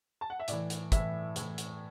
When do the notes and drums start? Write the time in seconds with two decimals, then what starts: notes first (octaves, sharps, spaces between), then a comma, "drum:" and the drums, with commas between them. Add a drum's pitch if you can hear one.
0.21 A5
0.30 F#5
0.39 E5
0.48 A2 E3 D5, drum: hi-hat
0.70 drum: hi-hat
0.92 A2 E3 E5, drum: kick, hi-hat
1.36 A2 E3, drum: hi-hat
1.58 drum: hi-hat